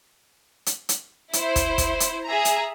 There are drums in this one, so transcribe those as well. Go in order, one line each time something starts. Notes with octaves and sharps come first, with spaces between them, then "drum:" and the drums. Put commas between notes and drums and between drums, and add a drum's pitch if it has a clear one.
drum: hi-hat
drum: hi-hat
E4 C5, drum: hi-hat
drum: kick, hi-hat
drum: kick, hi-hat
drum: hi-hat
G#4 E5 A#5
drum: hi-hat